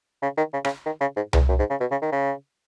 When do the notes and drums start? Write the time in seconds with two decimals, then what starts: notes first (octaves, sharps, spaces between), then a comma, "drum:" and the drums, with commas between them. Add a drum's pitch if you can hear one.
0.22 C#3
0.37 D#3
0.53 C#3
0.65 C#3, drum: rim click
0.86 D#3
1.01 C#3
1.16 G#2
1.33 E2, drum: tom C2
1.49 F#2
1.59 G#2
1.70 C#3
1.80 B2
1.91 C#3
2.02 D#3
2.12 C#3